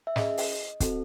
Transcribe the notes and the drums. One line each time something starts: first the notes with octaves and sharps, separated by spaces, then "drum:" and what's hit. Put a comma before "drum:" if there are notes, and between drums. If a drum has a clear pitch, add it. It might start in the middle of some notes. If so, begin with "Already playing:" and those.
E5
C#4 G#4 D#5, drum: snare
drum: open hi-hat
C4 F#4 A4, drum: kick, hi-hat